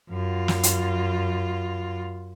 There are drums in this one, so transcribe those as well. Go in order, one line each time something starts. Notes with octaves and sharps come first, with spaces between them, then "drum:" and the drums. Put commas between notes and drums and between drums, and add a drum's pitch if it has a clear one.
F#2 F4
drum: snare
drum: hi-hat